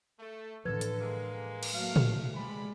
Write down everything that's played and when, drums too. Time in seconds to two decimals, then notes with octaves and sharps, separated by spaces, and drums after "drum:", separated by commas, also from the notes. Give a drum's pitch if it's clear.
0.20 A3
0.65 A2 D3 E3 F3 A4 B4 G#6
0.81 drum: hi-hat
1.01 G#3 A#3
1.63 drum: cymbal
1.73 F#3 A3 A#3 F5
1.96 drum: tom
2.35 C3 G#3 D5 B5